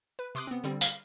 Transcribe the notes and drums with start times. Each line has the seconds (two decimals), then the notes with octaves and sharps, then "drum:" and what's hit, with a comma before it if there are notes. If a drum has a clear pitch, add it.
0.19 B4
0.35 C3 C6 D6 D#6 F#6
0.47 B3 C4
0.64 D3 G3 C4
0.81 F5, drum: tambourine